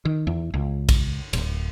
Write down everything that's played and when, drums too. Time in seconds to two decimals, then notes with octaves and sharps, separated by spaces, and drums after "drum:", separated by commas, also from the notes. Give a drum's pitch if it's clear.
0.05 D#3
0.27 E2
0.54 C#2
0.89 drum: kick A#1, cymbal
1.33 D1, drum: cymbal